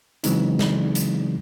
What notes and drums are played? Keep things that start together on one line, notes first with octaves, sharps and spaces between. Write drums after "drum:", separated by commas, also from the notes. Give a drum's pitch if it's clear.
C#3 E3 F#3 G#3 C4 D#4, drum: hi-hat
drum: snare
drum: hi-hat